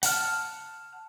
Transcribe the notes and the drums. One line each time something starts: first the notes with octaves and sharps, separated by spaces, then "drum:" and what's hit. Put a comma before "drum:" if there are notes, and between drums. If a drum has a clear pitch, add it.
F#5 A5 F6, drum: open hi-hat